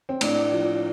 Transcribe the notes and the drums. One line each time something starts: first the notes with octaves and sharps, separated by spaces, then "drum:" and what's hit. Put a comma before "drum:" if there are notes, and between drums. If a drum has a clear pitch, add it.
C4
A2 D4, drum: cymbal
F3